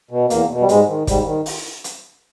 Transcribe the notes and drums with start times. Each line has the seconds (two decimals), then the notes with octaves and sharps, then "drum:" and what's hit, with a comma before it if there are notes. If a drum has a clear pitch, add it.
0.11 B2
0.30 E2 A#3, drum: hi-hat
0.49 B2
0.61 G3
0.69 G#2 G#3, drum: hi-hat
0.88 D#3
1.07 G#2 G3, drum: kick, hi-hat
1.26 D#3
1.46 drum: open hi-hat
1.84 drum: hi-hat